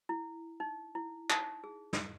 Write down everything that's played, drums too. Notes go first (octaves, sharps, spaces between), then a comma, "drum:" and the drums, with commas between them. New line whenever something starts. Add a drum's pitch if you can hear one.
E4
D#4
E4
D#4, drum: clap
G#4
drum: snare